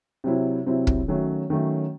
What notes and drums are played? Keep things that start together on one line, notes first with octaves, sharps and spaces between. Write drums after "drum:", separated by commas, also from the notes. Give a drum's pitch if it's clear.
C3 F#3 C4 E4
C3 F#3 C4 E4
drum: kick
D#3 F#3 A3 C#4
D#3 F#3 A3 C#4